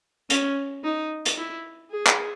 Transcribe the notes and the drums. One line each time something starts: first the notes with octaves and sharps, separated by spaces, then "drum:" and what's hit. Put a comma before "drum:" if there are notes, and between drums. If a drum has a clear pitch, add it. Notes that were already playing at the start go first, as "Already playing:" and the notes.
C#4, drum: hi-hat
D#4
drum: hi-hat
E4
G#4
drum: clap